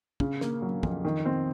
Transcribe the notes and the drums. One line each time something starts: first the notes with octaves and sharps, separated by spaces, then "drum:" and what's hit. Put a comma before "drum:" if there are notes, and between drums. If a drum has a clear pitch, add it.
C#3, drum: kick
A#3, drum: snare
F#3
F2, drum: kick
D#3
C4